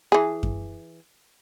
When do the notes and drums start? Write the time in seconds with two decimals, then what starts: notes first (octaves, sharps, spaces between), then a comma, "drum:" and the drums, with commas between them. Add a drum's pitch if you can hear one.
0.12 E3 G#4
0.43 drum: kick F#2